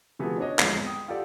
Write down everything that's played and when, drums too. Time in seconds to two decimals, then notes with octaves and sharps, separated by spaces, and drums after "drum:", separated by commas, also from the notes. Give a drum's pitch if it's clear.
0.19 C3 F3 A3 B3 F#4 G#4
0.38 C#4 D4 C#5 D#5
0.59 E2 G#2 F3, drum: clap
0.75 G#1
0.86 G5 D#6
1.08 F4 G4 A4 D5 F#5